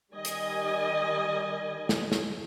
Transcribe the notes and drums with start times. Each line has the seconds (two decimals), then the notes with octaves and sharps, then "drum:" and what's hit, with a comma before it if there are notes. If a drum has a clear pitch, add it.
0.15 D#3 G3 D#5 G#5
0.25 drum: hi-hat
1.89 drum: snare
2.12 drum: snare